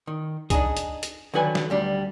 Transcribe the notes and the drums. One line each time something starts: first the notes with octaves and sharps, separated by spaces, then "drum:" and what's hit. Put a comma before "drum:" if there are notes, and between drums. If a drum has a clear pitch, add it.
D#3
D4 D#4 G#4, drum: kick C2, hi-hat
drum: hi-hat
drum: hi-hat
D3 D#3 F#3 B4 G#5
drum: snare
D2 G3 D4